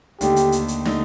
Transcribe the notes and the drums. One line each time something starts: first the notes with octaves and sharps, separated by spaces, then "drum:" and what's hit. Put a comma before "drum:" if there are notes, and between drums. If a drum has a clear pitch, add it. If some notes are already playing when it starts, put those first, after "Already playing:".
D#2 D3 A3 D#4 G4, drum: hi-hat
drum: hi-hat
drum: hi-hat
drum: hi-hat
D3 A3 D#4, drum: snare